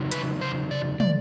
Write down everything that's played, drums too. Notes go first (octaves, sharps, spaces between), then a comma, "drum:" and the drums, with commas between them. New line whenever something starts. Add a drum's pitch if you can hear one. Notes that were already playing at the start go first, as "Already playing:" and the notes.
Already playing: E2 C#3 F#3 D#4
B4, drum: hi-hat
C5
D5
D5, drum: tom